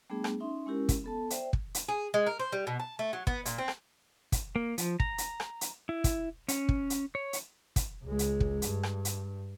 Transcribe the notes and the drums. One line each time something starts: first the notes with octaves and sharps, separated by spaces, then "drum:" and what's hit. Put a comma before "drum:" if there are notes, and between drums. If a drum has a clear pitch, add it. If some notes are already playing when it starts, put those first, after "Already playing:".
G3 A3 B3 D4 G#4
drum: rim click
C#4 D#4 E5 C6
G#3 C#4 E4 G4 A#4
drum: kick, hi-hat
B3 A4 A5
C5 D5 E5 G5, drum: hi-hat
drum: kick
drum: hi-hat
G#4
G#3
A#4
C5
G3
B2
A5
A3
F#3
B3, drum: kick
A#2, drum: hi-hat
C4
drum: rim click
drum: kick, hi-hat
A#3
F3, drum: hi-hat
A#5, drum: kick
drum: hi-hat
drum: rim click
drum: hi-hat
E4
drum: kick, hi-hat
C#4, drum: hi-hat
drum: kick
drum: hi-hat
C#5
drum: hi-hat
drum: kick, hi-hat
C#2 G#3
drum: hi-hat
drum: kick
G2, drum: hi-hat
drum: rim click
drum: hi-hat